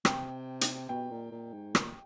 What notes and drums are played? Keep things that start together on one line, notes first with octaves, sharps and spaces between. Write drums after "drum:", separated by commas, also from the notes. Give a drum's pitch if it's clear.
C3 G5, drum: rim click
drum: hi-hat
B2 G5
A#2
A#2
G#2
A#2, drum: rim click